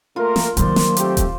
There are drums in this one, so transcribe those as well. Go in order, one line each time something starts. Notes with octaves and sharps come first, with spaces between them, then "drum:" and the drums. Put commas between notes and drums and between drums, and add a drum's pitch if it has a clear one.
A3 A#3 F4 A#4
drum: snare
D#3 F#3 A#3 C5 D5, drum: hi-hat
drum: snare
A3 C4 G4 D6, drum: hi-hat
drum: kick, hi-hat